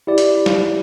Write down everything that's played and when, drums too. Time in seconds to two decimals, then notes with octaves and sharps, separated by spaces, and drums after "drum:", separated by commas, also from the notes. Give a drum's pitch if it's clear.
0.07 E4 G4 D5
0.18 drum: hi-hat
0.46 drum: snare